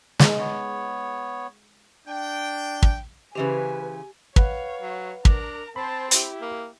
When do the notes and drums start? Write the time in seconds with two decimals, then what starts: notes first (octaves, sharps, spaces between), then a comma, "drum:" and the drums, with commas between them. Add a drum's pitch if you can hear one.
0.19 G#3, drum: snare
0.39 B3 C#5
2.07 D4 G5
2.82 drum: kick
3.35 C#3 E3 G4 B4 C5 G#5
4.36 B4 C#5 F5 F#5, drum: kick
4.82 F#3
5.25 D4 A#4 A#5, drum: kick
5.76 C4 C5 A5 B5
6.11 E4 G4, drum: hi-hat
6.41 A#3